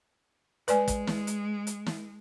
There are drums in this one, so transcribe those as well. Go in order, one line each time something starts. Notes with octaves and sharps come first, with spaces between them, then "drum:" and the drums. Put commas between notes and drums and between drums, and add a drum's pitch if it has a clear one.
G#3 B4 D5 G#5, drum: hi-hat
drum: kick, hi-hat
drum: snare
drum: hi-hat
drum: hi-hat
drum: snare